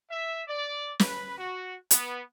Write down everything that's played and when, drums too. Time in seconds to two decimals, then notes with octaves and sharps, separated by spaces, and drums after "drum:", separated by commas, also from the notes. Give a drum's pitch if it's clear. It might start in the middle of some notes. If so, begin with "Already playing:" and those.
0.10 E5
0.48 D5
1.00 B4, drum: snare
1.38 F#4
1.91 B3, drum: hi-hat